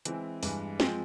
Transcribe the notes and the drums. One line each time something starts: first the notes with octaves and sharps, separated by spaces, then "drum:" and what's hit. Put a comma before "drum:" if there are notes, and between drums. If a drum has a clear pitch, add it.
E3 G#3 C4 E4, drum: hi-hat
G2 E3 G#3, drum: open hi-hat
F3 G#3 C4, drum: snare